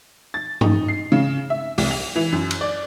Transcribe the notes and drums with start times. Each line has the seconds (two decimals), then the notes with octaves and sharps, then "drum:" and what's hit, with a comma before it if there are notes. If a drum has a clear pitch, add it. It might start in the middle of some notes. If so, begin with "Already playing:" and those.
0.34 A6
0.61 D#4, drum: tom
0.88 C7
1.12 C#3
1.50 E5
1.78 C2, drum: open hi-hat
1.91 F7
2.16 E3
2.32 F#2
2.51 drum: cymbal
2.61 D5